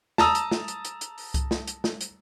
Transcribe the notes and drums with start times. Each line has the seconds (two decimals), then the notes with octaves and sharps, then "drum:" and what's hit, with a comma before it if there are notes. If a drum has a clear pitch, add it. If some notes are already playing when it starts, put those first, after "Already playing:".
0.18 A5 A#5 D#6 E6, drum: snare
0.35 drum: hi-hat
0.51 drum: snare
0.68 drum: hi-hat
0.85 drum: hi-hat
1.01 drum: hi-hat
1.18 drum: open hi-hat
1.34 drum: kick C2, hi-hat
1.51 drum: snare
1.67 drum: hi-hat
1.84 drum: snare
2.01 drum: hi-hat